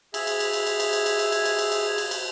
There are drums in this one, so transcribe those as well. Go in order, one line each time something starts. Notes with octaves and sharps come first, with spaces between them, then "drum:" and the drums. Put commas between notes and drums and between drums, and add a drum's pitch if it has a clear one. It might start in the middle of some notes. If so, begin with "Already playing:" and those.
G#4 E5, drum: cymbal
drum: cymbal
drum: cymbal
drum: cymbal
drum: cymbal
drum: cymbal
drum: cymbal
drum: cymbal
drum: cymbal
drum: cymbal
drum: cymbal
drum: cymbal
drum: cymbal
drum: cymbal
drum: cymbal